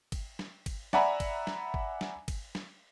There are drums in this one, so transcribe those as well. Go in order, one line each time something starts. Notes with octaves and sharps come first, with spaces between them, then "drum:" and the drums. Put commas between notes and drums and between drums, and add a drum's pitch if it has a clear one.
drum: kick, cymbal
drum: snare
drum: kick, cymbal
D5 E5 F#5 G#5 A#5 B5, drum: snare
drum: kick, cymbal
drum: snare
drum: kick
drum: snare
drum: kick, cymbal
drum: snare